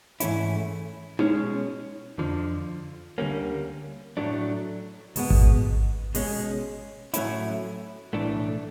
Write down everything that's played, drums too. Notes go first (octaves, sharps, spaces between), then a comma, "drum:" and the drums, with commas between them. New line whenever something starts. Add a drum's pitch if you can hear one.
G#2 E3 A3 C#4 E4, drum: hi-hat
B2 G#3 C#4, drum: tom D#4
F2 D3 F3
D2 D3 G3 A#3 C#4
A2 F#3 A3 D4
C#2 B2 G#3 B3, drum: open hi-hat
drum: kick G#1
B2 G#3 C#4, drum: open hi-hat
A2 F#3 A3 C#4 E4, drum: hi-hat
B1 A2 E3 A3 D4